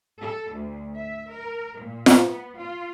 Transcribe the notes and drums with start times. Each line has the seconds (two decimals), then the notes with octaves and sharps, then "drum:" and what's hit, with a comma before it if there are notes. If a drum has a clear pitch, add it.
0.19 A4
0.53 D2
0.95 E5
1.31 A#4
1.81 A#2
2.06 drum: snare F4
2.24 B3
2.57 F4